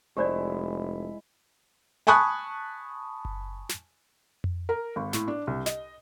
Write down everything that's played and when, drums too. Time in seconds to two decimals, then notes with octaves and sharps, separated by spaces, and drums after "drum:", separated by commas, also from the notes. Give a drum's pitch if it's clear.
0.17 F1 G#3 E4 G4 C5 D5
2.07 G#5 A5 B5 C#6 D#6 F#6
3.25 drum: kick F#1
3.69 drum: snare
4.44 drum: tom F2
4.69 A#4
4.96 G#1
5.13 A2, drum: snare
5.28 D4
5.47 C2
5.66 D#5, drum: snare